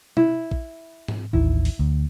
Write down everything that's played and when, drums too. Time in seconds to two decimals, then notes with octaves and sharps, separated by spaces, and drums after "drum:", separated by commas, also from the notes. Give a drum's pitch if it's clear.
0.17 E4, drum: tom
0.51 drum: kick A#1
1.08 drum: tom G#2
1.33 A1 D#2 D#3 E4
1.65 drum: open hi-hat
1.79 D2